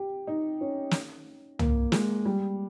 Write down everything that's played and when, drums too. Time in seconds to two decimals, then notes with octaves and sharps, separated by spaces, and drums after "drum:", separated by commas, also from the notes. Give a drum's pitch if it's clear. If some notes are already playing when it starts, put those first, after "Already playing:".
Already playing: G4
0.27 D#4
0.61 C#4
0.91 drum: snare
1.59 A#3, drum: tom
1.92 G#3, drum: snare
2.25 G3